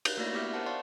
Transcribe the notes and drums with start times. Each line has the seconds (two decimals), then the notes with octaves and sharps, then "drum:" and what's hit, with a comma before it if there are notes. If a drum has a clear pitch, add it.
0.05 drum: cymbal
0.17 A3 A#3 E4 F#4 D5 A#6
0.33 B3 E4 G4 E5 F6
0.54 A#4 C5 F#5 A5
0.66 D5 F5 F#5 A5 C6 C#6